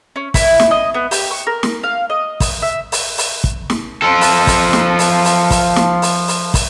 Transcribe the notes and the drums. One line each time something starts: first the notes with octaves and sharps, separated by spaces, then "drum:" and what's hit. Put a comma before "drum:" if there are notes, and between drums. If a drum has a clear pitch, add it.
C#4
E4, drum: kick, open hi-hat
drum: snare
D#5
B3
G4, drum: open hi-hat
C#6
A#4
drum: snare
F5
D#5
drum: kick, open hi-hat
E5
drum: open hi-hat
drum: open hi-hat
drum: kick
drum: snare
F3 A4
drum: open hi-hat
drum: kick, open hi-hat
drum: snare
drum: open hi-hat
drum: open hi-hat
drum: kick, open hi-hat
drum: snare
drum: open hi-hat
drum: open hi-hat
drum: kick, open hi-hat